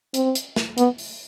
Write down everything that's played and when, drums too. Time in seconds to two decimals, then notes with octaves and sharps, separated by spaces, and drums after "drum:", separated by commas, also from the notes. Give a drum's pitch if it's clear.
0.14 C4, drum: hi-hat
0.35 drum: hi-hat
0.56 drum: snare
0.78 B3, drum: hi-hat
0.98 drum: open hi-hat